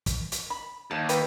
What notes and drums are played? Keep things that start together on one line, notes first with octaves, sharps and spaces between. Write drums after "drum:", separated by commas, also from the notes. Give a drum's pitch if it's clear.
drum: kick, hi-hat
drum: hi-hat
B5
D#2 A5
B4 G5, drum: hi-hat